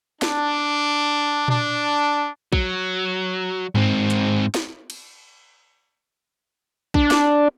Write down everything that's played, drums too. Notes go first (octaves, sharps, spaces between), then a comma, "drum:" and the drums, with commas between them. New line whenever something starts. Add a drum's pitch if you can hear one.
D4, drum: snare
D4, drum: tom A#2
F#3, drum: kick
G#2 C4, drum: tom G2
drum: hi-hat
drum: snare
drum: cymbal
D4, drum: kick
drum: snare